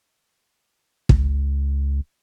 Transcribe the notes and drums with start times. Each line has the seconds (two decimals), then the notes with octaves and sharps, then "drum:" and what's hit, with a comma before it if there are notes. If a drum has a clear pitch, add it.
1.09 C#2, drum: kick